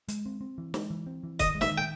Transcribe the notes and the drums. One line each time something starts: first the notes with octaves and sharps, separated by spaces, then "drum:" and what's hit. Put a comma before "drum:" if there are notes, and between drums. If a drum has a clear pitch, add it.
G#3, drum: hi-hat
C4
C4
E3
G#3, drum: snare
E3
C4
E3
D#3 D#5, drum: kick, hi-hat
G#3
E5, drum: snare
D#3
G5